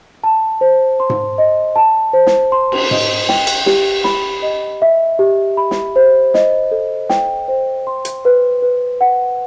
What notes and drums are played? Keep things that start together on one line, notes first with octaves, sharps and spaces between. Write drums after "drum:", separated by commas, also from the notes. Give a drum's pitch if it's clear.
A5
C5
C6
drum: tom G#2
D#5
A5
C5
drum: snare
C6
drum: cymbal
D#5, drum: tom G#2
G5, drum: snare
drum: cymbal
G4, drum: snare
B5, drum: snare
D#5
E5
G4
B5
drum: snare
C5
D#5, drum: snare
A4
G5, drum: snare
C5
C6
drum: hi-hat
B4
B4
F#5